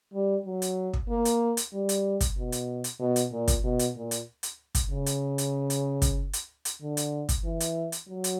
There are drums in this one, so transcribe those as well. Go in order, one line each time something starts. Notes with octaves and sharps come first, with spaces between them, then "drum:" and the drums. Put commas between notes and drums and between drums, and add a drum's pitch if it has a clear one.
G3
F#3
drum: hi-hat
drum: kick
A#3
drum: hi-hat
drum: hi-hat
G3
drum: hi-hat
drum: kick, hi-hat
B2
drum: hi-hat
drum: hi-hat
B2
drum: hi-hat
A#2
drum: kick, hi-hat
B2
drum: hi-hat
A#2
drum: hi-hat
drum: hi-hat
drum: kick, hi-hat
C#3
drum: hi-hat
drum: hi-hat
drum: hi-hat
drum: kick, hi-hat
drum: hi-hat
drum: hi-hat
D3
drum: hi-hat
drum: kick, hi-hat
E3
drum: hi-hat
drum: hi-hat
F#3
drum: hi-hat